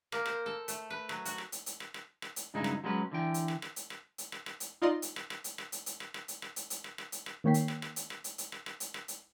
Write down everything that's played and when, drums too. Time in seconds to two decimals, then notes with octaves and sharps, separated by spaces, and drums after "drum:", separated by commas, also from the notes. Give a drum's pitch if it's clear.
0.12 A#3, drum: rim click
0.26 C5, drum: rim click
0.46 A4
0.68 A3, drum: hi-hat
0.90 B4
1.09 F#3, drum: rim click
1.25 F#4, drum: hi-hat
1.38 drum: rim click
1.52 drum: hi-hat
1.66 drum: hi-hat
1.80 drum: rim click
1.94 drum: rim click
2.22 drum: rim click
2.36 drum: hi-hat
2.54 G2 C#3 F#3 G#3 D#4 E4
2.64 drum: rim click
2.84 F#3 G#3 C#4 B4
3.12 D3 E3 G5
3.34 drum: hi-hat
3.48 drum: rim click
3.62 drum: rim click
3.76 drum: hi-hat
3.90 drum: rim click
4.18 drum: hi-hat
4.32 drum: rim click
4.46 drum: rim click
4.60 drum: hi-hat
4.82 D#4 F4 D5 D#5 C6
5.02 drum: hi-hat
5.16 drum: rim click
5.30 drum: rim click
5.44 drum: hi-hat
5.58 drum: rim click
5.72 drum: hi-hat
5.86 drum: hi-hat
6.00 drum: rim click
6.14 drum: rim click
6.28 drum: hi-hat
6.42 drum: rim click
6.56 drum: hi-hat
6.70 drum: hi-hat
6.84 drum: rim click
6.98 drum: rim click
7.12 drum: hi-hat
7.26 drum: rim click
7.44 D#3 A#3 C#5 G5 B6 C7
7.54 drum: hi-hat
7.68 drum: rim click
7.82 drum: rim click
7.96 drum: hi-hat
8.10 drum: rim click
8.24 drum: hi-hat
8.38 drum: hi-hat
8.52 drum: rim click
8.66 drum: rim click
8.80 drum: hi-hat
8.94 drum: rim click
9.08 drum: hi-hat